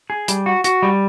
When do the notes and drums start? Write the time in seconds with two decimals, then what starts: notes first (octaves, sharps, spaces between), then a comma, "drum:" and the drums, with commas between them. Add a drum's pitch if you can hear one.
0.10 G#4
0.28 G3, drum: hi-hat
0.46 F#4
0.64 F#4, drum: hi-hat
0.82 G3